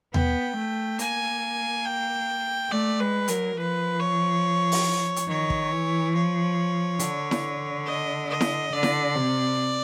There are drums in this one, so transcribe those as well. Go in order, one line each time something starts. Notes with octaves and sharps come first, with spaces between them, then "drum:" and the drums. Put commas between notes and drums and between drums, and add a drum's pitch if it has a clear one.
B3 G5, drum: tom D#2
A3
A#3 G#5, drum: hi-hat
G5
A3 D5
G#3 B4
F#3 A#4, drum: hi-hat
F3 B4
C#5
drum: open hi-hat
drum: hi-hat
D#3 C#5
drum: kick
E3
F3 C#5
D3, drum: hi-hat
drum: snare E4
D#5
D#5
drum: snare E4
D3 D5
drum: snare E4
C3